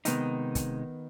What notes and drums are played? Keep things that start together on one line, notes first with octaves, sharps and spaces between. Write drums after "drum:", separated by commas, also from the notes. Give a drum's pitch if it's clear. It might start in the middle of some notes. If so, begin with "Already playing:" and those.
C3 D#3 G#3 B3 D#4, drum: hi-hat
drum: kick, hi-hat